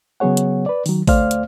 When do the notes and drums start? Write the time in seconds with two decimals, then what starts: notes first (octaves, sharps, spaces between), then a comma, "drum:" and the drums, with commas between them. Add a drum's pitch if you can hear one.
0.20 C#3 F#3 B3 G#4 C#5 F#5
0.37 drum: hi-hat
0.66 B4 D5
0.86 D#3 F#3, drum: open hi-hat
1.07 D2 A3 C5 D5 F5 F6, drum: kick A1, open hi-hat
1.31 drum: hi-hat